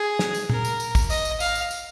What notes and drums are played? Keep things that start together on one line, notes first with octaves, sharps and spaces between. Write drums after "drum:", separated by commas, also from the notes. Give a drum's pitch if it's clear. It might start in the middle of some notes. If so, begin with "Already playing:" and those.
Already playing: G#4
drum: snare
drum: tambourine
A#4, drum: tom A#2
drum: tambourine
drum: tambourine
drum: kick, tambourine
D#5, drum: tambourine
drum: tambourine
F5, drum: tambourine
drum: tambourine
drum: tambourine